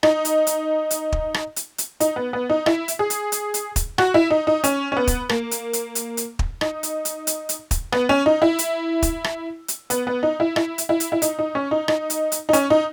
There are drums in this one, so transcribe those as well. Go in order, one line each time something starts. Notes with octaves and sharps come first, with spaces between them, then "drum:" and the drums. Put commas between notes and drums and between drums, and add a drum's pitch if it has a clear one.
D#4, drum: rim click
drum: hi-hat
drum: hi-hat
drum: hi-hat
drum: kick
drum: rim click
drum: hi-hat
drum: hi-hat
D#4, drum: hi-hat
B3
B3
D#4
E4, drum: rim click
drum: hi-hat
G#4
drum: hi-hat
drum: hi-hat
drum: hi-hat
drum: kick, hi-hat
F#4, drum: rim click
E4
D#4
D#4
C#4, drum: hi-hat
C#4
B3
drum: kick, hi-hat
A#3, drum: rim click
drum: hi-hat
drum: hi-hat
drum: hi-hat
drum: hi-hat
drum: kick
D#4, drum: rim click
drum: hi-hat
drum: hi-hat
drum: hi-hat
drum: hi-hat
drum: kick, hi-hat
B3, drum: rim click
C#4
D#4
E4
drum: hi-hat
drum: kick, hi-hat
drum: rim click
drum: hi-hat
B3, drum: hi-hat
B3
D#4
E4
E4, drum: rim click
drum: hi-hat
E4
drum: hi-hat
E4
D#4, drum: hi-hat
D#4
C#4
D#4
D#4, drum: rim click
drum: hi-hat
drum: hi-hat
D#4
C#4, drum: hi-hat
D#4